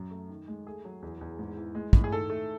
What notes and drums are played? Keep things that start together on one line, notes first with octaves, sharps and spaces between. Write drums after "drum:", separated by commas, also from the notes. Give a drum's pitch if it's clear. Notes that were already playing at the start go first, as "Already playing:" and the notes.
Already playing: F#2 F#3
A3
D#3
G#3
A3 G#4
F#3
E2
E2
G#2
E3
G#3
A2, drum: kick
G#4
D#3 A4
A3